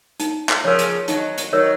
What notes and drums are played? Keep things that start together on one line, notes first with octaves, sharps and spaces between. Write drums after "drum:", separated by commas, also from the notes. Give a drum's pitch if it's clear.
D#4, drum: hi-hat
drum: clap
C#3 F3 A#4 C#5
drum: hi-hat
D#3 F#3 D#4, drum: hi-hat
drum: hi-hat
D#3 F#3 A#4 C#5